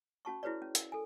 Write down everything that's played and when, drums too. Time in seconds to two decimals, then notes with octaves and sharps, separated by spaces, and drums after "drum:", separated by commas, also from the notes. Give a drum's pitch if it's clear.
0.25 C#4 F#4 A5 C#6
0.43 E4 F#4 G#4 B4 C#5 D5
0.62 C#4
0.75 A#4, drum: hi-hat
0.92 A4 G#5